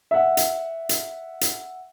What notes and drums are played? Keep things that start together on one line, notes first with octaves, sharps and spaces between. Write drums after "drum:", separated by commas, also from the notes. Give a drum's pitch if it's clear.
E5 F#5
drum: hi-hat
drum: hi-hat
drum: hi-hat